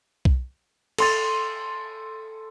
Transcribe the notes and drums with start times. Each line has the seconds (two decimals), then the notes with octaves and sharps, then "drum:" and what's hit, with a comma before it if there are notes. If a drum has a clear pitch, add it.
0.25 drum: kick B1
0.98 A4 C6 A6, drum: cymbal